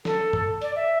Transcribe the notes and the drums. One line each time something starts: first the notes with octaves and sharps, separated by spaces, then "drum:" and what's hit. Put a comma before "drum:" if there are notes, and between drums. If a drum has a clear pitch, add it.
A4, drum: snare
drum: tom
D5, drum: hi-hat
E5